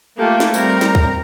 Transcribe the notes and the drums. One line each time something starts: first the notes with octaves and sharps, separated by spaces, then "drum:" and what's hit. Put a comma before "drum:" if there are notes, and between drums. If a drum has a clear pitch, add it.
A3 A#3 F4 G4 A4
drum: snare
G3 C4 A#4 A#5, drum: tambourine
drum: snare
drum: kick